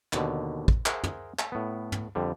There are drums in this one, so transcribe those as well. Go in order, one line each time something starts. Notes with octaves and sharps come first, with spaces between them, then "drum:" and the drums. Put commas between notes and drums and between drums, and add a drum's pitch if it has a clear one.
D#2 B2 D3, drum: clap
drum: kick
G#4 A#4 C5 E5 F#5, drum: clap
drum: tom
drum: clap
A2 B3
drum: tom
F2 D3 G3